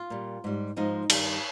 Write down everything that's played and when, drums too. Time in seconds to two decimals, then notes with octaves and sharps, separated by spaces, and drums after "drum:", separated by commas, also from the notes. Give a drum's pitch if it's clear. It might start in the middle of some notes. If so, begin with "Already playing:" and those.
Already playing: F4
0.10 A#2 G3
0.44 G#2 G3
0.76 G#2 F3 G#3 D#4
1.10 G2 D#3 G3, drum: cymbal